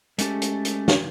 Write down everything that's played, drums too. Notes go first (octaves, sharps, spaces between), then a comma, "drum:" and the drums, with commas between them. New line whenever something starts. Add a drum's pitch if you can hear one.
G#3 A3 C#4 G4 A4, drum: hi-hat
drum: hi-hat
drum: hi-hat
drum: snare